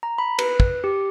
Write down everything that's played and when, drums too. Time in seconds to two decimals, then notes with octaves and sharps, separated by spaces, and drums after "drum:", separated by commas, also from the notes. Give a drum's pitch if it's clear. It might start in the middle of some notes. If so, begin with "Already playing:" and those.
0.03 A#5
0.18 B5
0.39 B4, drum: cymbal
0.60 drum: kick
0.84 G4